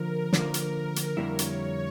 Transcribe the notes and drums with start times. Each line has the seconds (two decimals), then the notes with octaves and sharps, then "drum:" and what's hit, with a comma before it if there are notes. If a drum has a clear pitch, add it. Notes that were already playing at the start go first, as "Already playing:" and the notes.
Already playing: D3 F3 A#3 A#4
0.33 D3 F3 A#3, drum: snare
0.54 drum: hi-hat
0.96 drum: hi-hat
1.17 F2 D3 G3 A#3 E4 C#5
1.39 drum: hi-hat